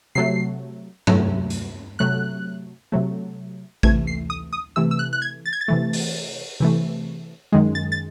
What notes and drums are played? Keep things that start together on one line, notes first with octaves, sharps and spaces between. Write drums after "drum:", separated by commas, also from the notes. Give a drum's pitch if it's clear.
C3 F#3 A3 C7
C3 F#3 A3, drum: tom G2
drum: hi-hat
C3 F#3 A3 F#6
C3 F#3 A3
C3 E3 A3 G#6, drum: kick A1
C7
D#6
D#6
C3 E3 A3 E6
E6
F#6
F#6
G#6
A6
G#6
A6
C3 E3 A3
drum: open hi-hat
C3 E3 A3
F#2 D#3 G#3
A6
A6